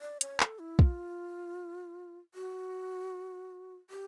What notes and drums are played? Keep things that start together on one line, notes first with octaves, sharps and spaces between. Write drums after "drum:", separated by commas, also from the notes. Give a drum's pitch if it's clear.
D5
C#5, drum: hi-hat
A4, drum: clap
E4
F4, drum: kick
F#4
G4